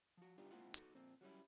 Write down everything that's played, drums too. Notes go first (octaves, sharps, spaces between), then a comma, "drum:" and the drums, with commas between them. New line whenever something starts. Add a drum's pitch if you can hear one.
F3 F#4
G3 B3 D4 D#4 F4 G4
G#3 A#3 C4 E4 F4 F#5
D#4 F#4 A4, drum: hi-hat
F2 A#2 C4
F#3 G3 C#4 E4